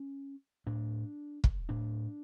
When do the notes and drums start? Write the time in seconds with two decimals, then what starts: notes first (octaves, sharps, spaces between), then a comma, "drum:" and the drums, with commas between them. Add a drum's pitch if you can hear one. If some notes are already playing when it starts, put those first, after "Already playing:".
Already playing: C#4
0.67 A2 D4
1.44 drum: kick
1.69 A2 D4